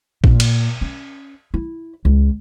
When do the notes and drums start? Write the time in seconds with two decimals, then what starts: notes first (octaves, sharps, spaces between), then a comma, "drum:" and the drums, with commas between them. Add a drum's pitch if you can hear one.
0.24 A#2, drum: kick A1
0.40 drum: cymbal
0.81 C#4
1.54 E4
2.05 C#2